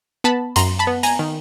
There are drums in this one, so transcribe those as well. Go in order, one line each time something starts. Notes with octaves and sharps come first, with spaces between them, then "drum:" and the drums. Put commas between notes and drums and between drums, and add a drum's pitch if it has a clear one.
B3 A5 B5
F#2 A#5 C6, drum: hi-hat
A5 B5
B3
G#5 A#5, drum: hi-hat
D#3